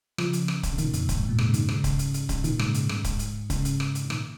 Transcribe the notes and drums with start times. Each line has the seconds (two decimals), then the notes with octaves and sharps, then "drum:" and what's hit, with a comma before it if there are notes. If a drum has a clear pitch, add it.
0.18 C#3 F3, drum: rim click
0.33 drum: hi-hat
0.48 drum: rim click
0.63 drum: kick C#1, hi-hat
0.73 C#3
0.78 A#2 D#3, drum: hi-hat
0.93 F2, drum: hi-hat
1.09 F2, drum: kick C#1, hi-hat
1.18 G#2
1.28 F2 A#2
1.38 G#2 C#3, drum: rim click
1.54 A#2 D#3, drum: hi-hat
1.69 G#2 C#3, drum: rim click
1.84 drum: kick C#1, hi-hat
1.99 drum: hi-hat
2.14 drum: hi-hat
2.29 G#2 C#3, drum: kick C#1, hi-hat
2.44 A#2 D#3, drum: hi-hat
2.59 G#2 C#3, drum: rim click
2.74 drum: hi-hat
2.89 G#2 C#3, drum: rim click
3.04 G#2, drum: kick C#1, hi-hat
3.19 G#2, drum: hi-hat
3.50 G#2 C#3, drum: kick C#1, hi-hat
3.65 drum: hi-hat
3.80 drum: rim click
3.95 drum: hi-hat
4.05 C#3
4.10 A#2 D#3, drum: rim click